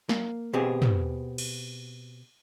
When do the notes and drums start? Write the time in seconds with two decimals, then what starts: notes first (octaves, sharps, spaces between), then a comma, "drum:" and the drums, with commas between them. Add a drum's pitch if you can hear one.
0.09 A#3, drum: snare
0.53 B2 B3 C4 G4 G#4
0.82 drum: tom
1.38 drum: cymbal